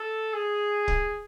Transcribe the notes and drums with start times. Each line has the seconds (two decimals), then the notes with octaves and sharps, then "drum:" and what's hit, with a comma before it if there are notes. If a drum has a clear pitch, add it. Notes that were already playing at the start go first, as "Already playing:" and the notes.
Already playing: A4
0.33 G#4
0.88 drum: kick C#1